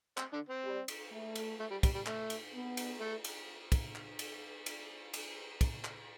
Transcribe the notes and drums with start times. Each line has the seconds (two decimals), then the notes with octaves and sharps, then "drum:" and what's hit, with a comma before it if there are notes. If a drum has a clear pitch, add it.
0.17 C4 C5, drum: clap
0.33 D3 D4
0.49 C4
0.64 G3
0.88 drum: cymbal
1.12 A3
1.35 drum: cymbal
1.60 A3
1.71 G3
1.83 G3, drum: kick, cymbal
1.94 G3
2.06 A3, drum: clap
2.30 drum: cymbal
2.54 B3
2.77 drum: cymbal
3.01 A3
3.24 drum: cymbal
3.72 drum: kick, cymbal
3.95 drum: clap
4.19 drum: cymbal
4.66 drum: cymbal
5.14 drum: cymbal
5.61 drum: kick, cymbal
5.84 drum: clap